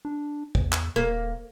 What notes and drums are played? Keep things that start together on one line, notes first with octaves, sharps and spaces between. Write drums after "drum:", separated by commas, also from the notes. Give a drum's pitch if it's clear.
D4
E2, drum: kick
drum: clap
D#1 A#3